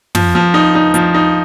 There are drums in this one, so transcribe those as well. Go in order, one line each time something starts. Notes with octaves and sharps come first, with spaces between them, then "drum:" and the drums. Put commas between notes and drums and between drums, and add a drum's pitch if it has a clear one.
F3, drum: tom
F3
D#4
D#4
F3, drum: hi-hat
D#4